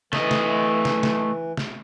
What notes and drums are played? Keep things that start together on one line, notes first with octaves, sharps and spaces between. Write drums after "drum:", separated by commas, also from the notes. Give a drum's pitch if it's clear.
E3 A3 D#5, drum: snare
drum: snare
drum: snare
drum: snare
drum: snare